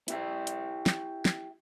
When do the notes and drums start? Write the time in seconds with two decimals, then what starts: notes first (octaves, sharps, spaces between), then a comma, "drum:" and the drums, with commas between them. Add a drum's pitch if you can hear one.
0.08 E4 G4 E5, drum: hi-hat
0.47 drum: hi-hat
0.86 drum: snare
1.25 drum: snare